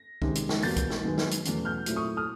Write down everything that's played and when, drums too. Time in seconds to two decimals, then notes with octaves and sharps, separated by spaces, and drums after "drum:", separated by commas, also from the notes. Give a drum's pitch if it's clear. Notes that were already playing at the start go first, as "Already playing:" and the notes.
Already playing: A#6
0.22 C3 D#3 G#3 C#4, drum: kick
0.35 drum: hi-hat
0.49 drum: snare
0.62 E2 B2 G3 A#3 G6 A6, drum: open hi-hat
0.77 drum: kick, hi-hat
0.90 drum: snare
1.04 F#2 D#3 G#3 B3
1.18 drum: snare
1.31 drum: hi-hat
1.45 E2 B2 F#3 A3 C#4, drum: hi-hat
1.65 F6 G6
1.86 A#2 F#3 A3 C4 E4, drum: hi-hat
1.96 C#6 D#6
2.17 D#6 F6